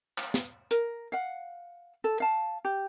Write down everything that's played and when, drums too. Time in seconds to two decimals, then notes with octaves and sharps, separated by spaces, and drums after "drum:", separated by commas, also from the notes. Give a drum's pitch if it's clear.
0.18 drum: clap
0.34 drum: snare
0.71 A#4, drum: hi-hat
1.12 F5 F#5
2.04 A4
2.20 F5 A5
2.65 G4